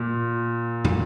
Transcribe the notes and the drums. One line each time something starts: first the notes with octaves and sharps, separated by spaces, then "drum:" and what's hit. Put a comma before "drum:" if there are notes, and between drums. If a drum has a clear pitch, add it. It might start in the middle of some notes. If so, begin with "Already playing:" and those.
Already playing: A#2
drum: tom